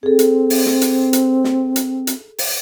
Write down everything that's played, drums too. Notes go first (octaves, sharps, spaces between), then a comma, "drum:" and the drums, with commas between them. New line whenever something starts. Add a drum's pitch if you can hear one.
C4 G#4 A4
drum: hi-hat
drum: open hi-hat
drum: snare
drum: hi-hat
drum: hi-hat
drum: snare
drum: hi-hat
drum: hi-hat
drum: open hi-hat